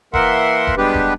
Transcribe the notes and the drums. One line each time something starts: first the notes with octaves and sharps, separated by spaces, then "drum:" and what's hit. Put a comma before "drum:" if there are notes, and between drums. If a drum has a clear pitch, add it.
E3 A#3 A#4 E5 F#5 C6, drum: kick E1
drum: kick E1
G3 G#3 B3 D4 G4 B4
drum: kick E1